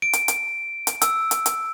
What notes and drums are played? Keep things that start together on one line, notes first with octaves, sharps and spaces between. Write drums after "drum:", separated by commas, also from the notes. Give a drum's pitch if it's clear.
D7
drum: hi-hat
drum: hi-hat
drum: hi-hat
E6, drum: hi-hat
drum: hi-hat
drum: hi-hat